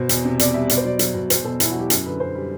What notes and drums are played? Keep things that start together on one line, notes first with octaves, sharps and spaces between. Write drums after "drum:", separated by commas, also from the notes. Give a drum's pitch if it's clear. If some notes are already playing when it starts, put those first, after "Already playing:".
Already playing: B2 C5
E2, drum: hi-hat
C3
E2 D5, drum: hi-hat
G3 E5
B2 D5, drum: hi-hat
C5
F#3 D5
F#3, drum: hi-hat
B2
E2 C5, drum: hi-hat
B2 A4
E2 E4, drum: hi-hat
F#4
F#3 G4
F#2, drum: hi-hat
D3 B4
F#2 C5
G3